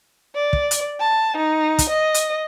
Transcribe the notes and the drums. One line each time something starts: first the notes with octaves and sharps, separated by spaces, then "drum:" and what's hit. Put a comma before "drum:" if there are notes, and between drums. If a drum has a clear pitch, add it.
D5
drum: kick
drum: hi-hat
A5
D#4
drum: kick, hi-hat
D#5
drum: hi-hat